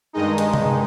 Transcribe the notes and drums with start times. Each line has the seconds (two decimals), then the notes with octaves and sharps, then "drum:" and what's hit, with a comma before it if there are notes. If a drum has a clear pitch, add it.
0.13 G2 D#3 G#3 D#4 D#5
0.38 drum: hi-hat
0.54 drum: tom C3